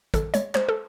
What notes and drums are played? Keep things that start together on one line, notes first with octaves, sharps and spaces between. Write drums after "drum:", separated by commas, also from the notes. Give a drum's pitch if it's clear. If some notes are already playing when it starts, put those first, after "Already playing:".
D#3 A4, drum: kick, hi-hat
G#3 C#5, drum: hi-hat
G#3 C5, drum: clap
A4